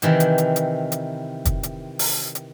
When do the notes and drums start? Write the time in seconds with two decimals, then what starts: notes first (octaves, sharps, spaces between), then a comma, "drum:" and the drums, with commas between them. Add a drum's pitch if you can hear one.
0.02 C3 D#3 E3 G4, drum: hi-hat
0.20 drum: hi-hat
0.38 drum: hi-hat
0.56 drum: hi-hat
0.92 drum: hi-hat
1.45 drum: kick, hi-hat
1.63 drum: hi-hat
1.99 drum: open hi-hat
2.35 drum: hi-hat